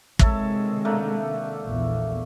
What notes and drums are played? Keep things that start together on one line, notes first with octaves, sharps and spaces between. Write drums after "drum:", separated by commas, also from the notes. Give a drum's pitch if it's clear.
C3 D#3 G#3 A4 C#5 E5, drum: kick
D3 A3 A#3
A#1 E2